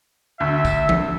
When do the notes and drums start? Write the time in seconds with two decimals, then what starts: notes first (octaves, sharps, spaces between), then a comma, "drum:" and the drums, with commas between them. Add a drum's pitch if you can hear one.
0.40 D2 E5
0.65 drum: kick, tambourine
0.89 drum: tom